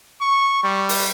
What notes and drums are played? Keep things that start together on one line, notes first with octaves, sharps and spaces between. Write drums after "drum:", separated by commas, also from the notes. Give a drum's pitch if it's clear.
C#6
G3
drum: open hi-hat